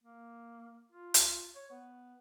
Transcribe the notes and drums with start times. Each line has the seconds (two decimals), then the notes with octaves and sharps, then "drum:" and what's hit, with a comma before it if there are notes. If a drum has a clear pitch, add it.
0.04 A#3
0.92 F4
1.14 drum: hi-hat
1.56 C#5
1.70 B3